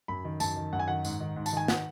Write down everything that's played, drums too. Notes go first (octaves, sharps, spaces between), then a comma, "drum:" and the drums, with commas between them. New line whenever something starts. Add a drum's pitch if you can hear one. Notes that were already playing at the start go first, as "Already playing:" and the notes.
F#2 B5
D#3
F#2 A5, drum: tambourine
D#3
F#2 F#5
G#5
D#3 F#5
G#2, drum: tambourine
D#3
G#2
A5, drum: tambourine
D#3 G#5
F#5, drum: snare